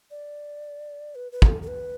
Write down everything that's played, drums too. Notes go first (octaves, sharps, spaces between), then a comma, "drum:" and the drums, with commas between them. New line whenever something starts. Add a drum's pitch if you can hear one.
D5
B4
B4
A4, drum: kick
A4
B4